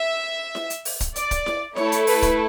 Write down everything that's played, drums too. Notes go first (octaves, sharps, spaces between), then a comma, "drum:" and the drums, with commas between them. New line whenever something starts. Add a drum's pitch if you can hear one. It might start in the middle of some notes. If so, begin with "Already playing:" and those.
Already playing: E5
drum: snare E4
drum: hi-hat
drum: open hi-hat
drum: kick, hi-hat
D5, drum: hi-hat
drum: kick, hi-hat
drum: snare E4
A3 E4 A4 C#5, drum: snare E4
drum: hi-hat
B4, drum: open hi-hat
drum: kick, hi-hat